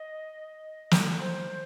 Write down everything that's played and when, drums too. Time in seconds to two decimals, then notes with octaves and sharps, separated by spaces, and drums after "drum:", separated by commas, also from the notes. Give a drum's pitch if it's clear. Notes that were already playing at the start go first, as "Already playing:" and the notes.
Already playing: D#5
0.91 drum: snare
1.19 C5